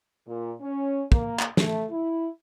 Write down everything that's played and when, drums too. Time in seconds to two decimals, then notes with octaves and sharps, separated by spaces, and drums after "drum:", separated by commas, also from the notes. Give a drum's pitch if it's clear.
0.26 A#2
0.61 C#4
1.12 A#3, drum: kick
1.39 drum: clap
1.57 A3, drum: snare
1.90 E4